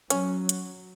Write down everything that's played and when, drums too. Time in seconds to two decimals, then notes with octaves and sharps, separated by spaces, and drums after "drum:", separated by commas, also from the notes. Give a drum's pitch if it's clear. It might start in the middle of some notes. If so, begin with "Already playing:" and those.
0.10 F#3 C#4, drum: hi-hat
0.49 drum: hi-hat